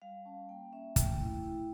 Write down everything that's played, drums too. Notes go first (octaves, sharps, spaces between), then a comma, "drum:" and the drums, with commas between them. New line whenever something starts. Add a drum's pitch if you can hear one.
G3 F5
C#4 A5
A#3 G5
C#4 E5
A3 G5, drum: kick, hi-hat
E4
E4